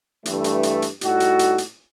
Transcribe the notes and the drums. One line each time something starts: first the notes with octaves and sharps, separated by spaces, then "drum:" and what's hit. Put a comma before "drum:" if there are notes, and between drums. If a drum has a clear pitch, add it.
G2 E3 A3, drum: hi-hat
drum: hi-hat
drum: hi-hat
drum: hi-hat
A2 G3 D#4 F#4 A4, drum: hi-hat
drum: hi-hat
drum: hi-hat
drum: hi-hat